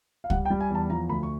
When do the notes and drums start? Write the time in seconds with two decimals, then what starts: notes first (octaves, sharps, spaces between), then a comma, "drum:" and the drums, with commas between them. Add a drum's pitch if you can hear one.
0.24 F5
0.30 G3 F#5, drum: kick
0.45 G5
0.50 G3
0.60 G#5
0.70 E2 A5
0.90 F3 A#5
1.09 D2 B5
1.23 C#6